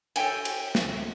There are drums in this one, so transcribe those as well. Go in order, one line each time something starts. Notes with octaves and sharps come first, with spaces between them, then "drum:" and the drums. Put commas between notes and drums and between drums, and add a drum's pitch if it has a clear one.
A4 C#5 E5 G5 G#5, drum: cymbal
drum: cymbal
drum: snare